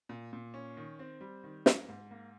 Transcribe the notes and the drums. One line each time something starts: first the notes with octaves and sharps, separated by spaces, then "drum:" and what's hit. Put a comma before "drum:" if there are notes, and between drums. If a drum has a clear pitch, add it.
A#2
A#2
C#4
D#3
C4
G3
D#3
A#3, drum: snare
G#2
A#3